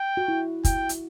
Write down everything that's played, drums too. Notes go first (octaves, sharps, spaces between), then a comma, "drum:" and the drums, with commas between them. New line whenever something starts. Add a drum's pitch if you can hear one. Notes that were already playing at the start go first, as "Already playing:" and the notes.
Already playing: G5
F#4
E4
G5, drum: kick, hi-hat
drum: hi-hat